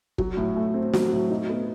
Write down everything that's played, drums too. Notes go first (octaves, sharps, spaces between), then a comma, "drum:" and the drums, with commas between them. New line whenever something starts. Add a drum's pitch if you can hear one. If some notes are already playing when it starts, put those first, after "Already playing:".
F#3, drum: kick
A2
A3
C4
F#3, drum: snare
A2
D#4
B3